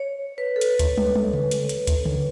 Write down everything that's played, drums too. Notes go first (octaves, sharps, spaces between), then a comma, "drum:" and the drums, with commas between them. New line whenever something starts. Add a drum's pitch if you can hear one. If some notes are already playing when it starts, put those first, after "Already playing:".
Already playing: C#5
B4
A4
B4, drum: hi-hat
drum: kick D2, hi-hat
drum: tom
drum: tom
drum: tom C#3
drum: hi-hat
drum: hi-hat
drum: kick D2, hi-hat
drum: tom C#3